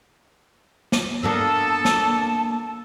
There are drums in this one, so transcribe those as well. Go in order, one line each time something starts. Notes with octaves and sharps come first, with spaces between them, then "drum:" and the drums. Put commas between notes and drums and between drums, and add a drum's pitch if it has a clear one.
drum: snare
A#3 B3 D4 A4 A5 E6
drum: snare